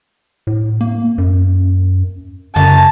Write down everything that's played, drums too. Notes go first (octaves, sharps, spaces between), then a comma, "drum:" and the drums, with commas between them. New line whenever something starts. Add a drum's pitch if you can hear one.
A2
A#3
F#2
F#2 A5, drum: tom C#3